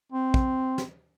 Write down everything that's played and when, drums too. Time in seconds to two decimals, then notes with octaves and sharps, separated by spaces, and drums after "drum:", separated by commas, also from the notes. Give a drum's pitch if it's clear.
0.12 C4
0.34 drum: kick
0.78 drum: snare